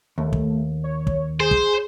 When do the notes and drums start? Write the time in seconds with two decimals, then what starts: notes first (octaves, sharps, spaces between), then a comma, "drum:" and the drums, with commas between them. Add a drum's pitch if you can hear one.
0.18 D#2 A3
0.33 drum: kick
0.84 C#5
1.07 drum: kick
1.40 G#4 C5
1.51 drum: kick